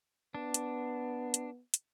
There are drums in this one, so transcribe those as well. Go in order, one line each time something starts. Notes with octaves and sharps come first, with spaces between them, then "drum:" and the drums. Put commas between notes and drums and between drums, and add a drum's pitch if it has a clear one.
B3 D4
drum: hi-hat
drum: hi-hat
drum: hi-hat